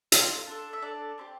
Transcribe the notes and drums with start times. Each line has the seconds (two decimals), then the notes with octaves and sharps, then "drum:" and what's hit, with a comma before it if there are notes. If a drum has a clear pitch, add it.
0.12 C4 F4 A4, drum: hi-hat
0.47 D4 A4
0.73 E5
0.82 D4 A4 D5
1.18 C4 E4 G4